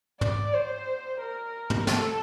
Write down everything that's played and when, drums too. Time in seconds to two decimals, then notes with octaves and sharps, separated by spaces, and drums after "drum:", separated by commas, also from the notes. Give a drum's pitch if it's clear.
0.21 D5, drum: tom
0.54 C5
1.21 A#4
1.70 drum: tom
1.87 A4, drum: snare